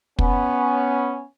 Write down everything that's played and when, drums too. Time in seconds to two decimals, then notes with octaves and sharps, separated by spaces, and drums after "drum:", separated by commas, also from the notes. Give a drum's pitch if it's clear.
0.19 B3 C#4, drum: kick